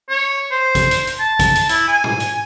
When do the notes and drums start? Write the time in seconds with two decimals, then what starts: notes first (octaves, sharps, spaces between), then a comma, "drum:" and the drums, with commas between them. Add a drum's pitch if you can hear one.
0.10 C#5
0.51 C5
0.75 drum: kick, hi-hat
0.91 drum: hi-hat
1.07 drum: hi-hat
1.20 A5
1.39 drum: kick, hi-hat
1.56 drum: hi-hat
1.69 E4, drum: hi-hat
1.88 G#5
2.04 drum: tom G#2
2.20 drum: hi-hat